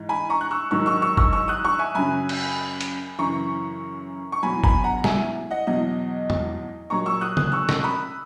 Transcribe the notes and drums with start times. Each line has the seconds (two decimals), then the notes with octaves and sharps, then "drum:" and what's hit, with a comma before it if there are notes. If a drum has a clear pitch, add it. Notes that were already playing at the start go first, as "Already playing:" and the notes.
Already playing: G#2 E3
0.09 G#5 B5
0.30 A#5 C#6
0.41 F#6
0.51 C#6 E6
0.71 G#2 D#3 F#3 C#6 E6
0.86 C#6 E6
1.02 C#6 E6
1.17 C#6 E6, drum: kick G1
1.33 C#6 E6
1.48 D#6 F#6
1.65 C#6 E6
1.79 E5 G#5
1.95 F#2 C#3 F#3 G#5 B5
2.29 drum: cymbal
2.81 drum: hi-hat
3.19 F#2 C#3 E3 A#5 C#6
4.32 C#6
4.43 E2 B2 F#3 G#5 B5
4.64 G#5 B5, drum: kick G1
4.84 F#5 A#5
5.04 E5 G#5, drum: snare
5.51 D#5 F#5
5.67 E2 B2 F#3 D#5
6.30 drum: tom E2
6.90 A#2 F#3 A#5 C#6
7.06 C#6 E6
7.21 D#6 F#6
7.37 D#6 F#6, drum: tom
7.52 C#6 E6
7.69 drum: snare
7.83 B5 D#6